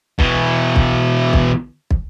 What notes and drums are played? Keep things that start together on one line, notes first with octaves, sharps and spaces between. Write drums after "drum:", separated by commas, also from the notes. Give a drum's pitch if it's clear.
B2 E3, drum: kick
drum: kick
drum: kick
drum: kick